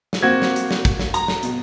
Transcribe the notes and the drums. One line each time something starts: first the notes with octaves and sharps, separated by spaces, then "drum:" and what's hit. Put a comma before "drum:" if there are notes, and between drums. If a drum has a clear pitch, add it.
drum: snare
A#3 C4 F#4 G#6
drum: snare
drum: hi-hat
drum: snare
drum: kick, hi-hat
drum: snare
A#5, drum: hi-hat
drum: snare
B2, drum: hi-hat